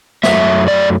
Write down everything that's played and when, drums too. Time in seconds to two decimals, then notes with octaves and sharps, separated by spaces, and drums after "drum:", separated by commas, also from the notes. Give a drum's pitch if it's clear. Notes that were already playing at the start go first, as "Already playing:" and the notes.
0.23 F#2 F#3 A3 E5, drum: snare
0.68 D5